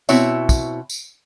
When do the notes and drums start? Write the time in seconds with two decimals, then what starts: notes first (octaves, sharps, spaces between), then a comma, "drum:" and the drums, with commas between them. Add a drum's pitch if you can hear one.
0.09 B2 C4 E4 C#5 E5, drum: tambourine
0.49 drum: kick, tambourine
0.90 drum: tambourine